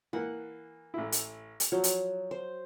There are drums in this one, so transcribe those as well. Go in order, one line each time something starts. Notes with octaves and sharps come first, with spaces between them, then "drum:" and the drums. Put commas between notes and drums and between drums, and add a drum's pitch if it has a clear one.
E3 A#3 F#5
A1 E4
drum: hi-hat
drum: hi-hat
F3 F#3
drum: hi-hat
C5